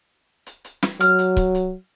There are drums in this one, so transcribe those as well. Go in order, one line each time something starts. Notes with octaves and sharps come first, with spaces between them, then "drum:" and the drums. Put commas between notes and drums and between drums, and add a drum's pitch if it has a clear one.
drum: hi-hat
drum: hi-hat
drum: snare
F#3 F6, drum: hi-hat
drum: hi-hat
drum: kick, hi-hat
drum: hi-hat